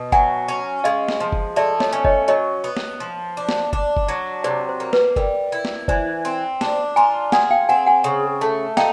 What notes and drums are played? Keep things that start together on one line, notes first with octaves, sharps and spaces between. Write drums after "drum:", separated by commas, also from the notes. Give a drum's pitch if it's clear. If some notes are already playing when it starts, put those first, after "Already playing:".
Already playing: B2
F#3 F#5 G#5, drum: kick F#1
C#4
G#3 D#5 F5
drum: snare
F3
drum: kick F#1
A3 D5 E5
C#5 D#5, drum: snare
C#4
C#5 D#5, drum: kick F#1
F#3 C#5 D#5
B3
drum: snare
F3
D4
drum: snare
D4, drum: kick F#1
drum: kick F#1
F#3
C3 C5 D5
C5
A#3
B4, drum: snare
G3 A#4, drum: kick F#1
E4
drum: snare
E3 C5 D5, drum: kick F#1
C4
D4, drum: snare
F4 G#5 A#5
G#4 F#5 G#5, drum: snare
F5 G5
C4 F#5 G#5
F#5 G#5
C#3
A3
D#4 F5 G5, drum: snare